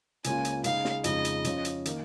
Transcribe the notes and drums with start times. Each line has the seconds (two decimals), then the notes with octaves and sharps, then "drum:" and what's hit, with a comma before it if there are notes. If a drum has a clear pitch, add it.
0.24 C#2 C#3 A#3 C#4 F4 G#5, drum: hi-hat
0.45 drum: hi-hat
0.64 C#3 G#3 D#4 G#4 F5, drum: hi-hat
0.85 drum: snare
1.04 F2 C#3 G#3 D#4 D#5, drum: hi-hat
1.25 drum: hi-hat
1.44 C#3 F3 C#4 F4, drum: hi-hat
1.65 drum: hi-hat
1.85 D#3 A#3, drum: hi-hat